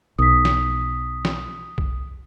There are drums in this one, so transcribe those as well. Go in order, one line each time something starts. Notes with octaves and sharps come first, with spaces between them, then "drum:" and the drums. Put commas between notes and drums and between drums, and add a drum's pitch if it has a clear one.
B1 D#6 B6
drum: snare
drum: snare
drum: kick B1